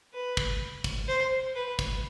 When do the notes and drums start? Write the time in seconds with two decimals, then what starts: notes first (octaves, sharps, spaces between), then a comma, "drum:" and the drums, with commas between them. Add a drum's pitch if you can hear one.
0.14 B4
0.37 drum: kick
0.84 drum: kick, cymbal
1.08 C5
1.56 B4
1.79 drum: kick, cymbal